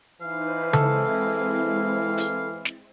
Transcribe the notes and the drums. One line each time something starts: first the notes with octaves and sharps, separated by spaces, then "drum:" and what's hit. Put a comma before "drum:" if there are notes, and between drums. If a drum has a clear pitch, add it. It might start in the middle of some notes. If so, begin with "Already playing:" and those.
E3 D#4 B4 C5 F5
G#3 C4 E4 A4, drum: tom C#3
drum: hi-hat
drum: snare